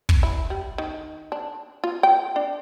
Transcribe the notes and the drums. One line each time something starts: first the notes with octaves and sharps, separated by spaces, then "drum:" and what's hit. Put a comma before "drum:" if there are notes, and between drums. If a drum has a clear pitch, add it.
drum: kick
E4
G3
D#3
D4
F4
G5
D4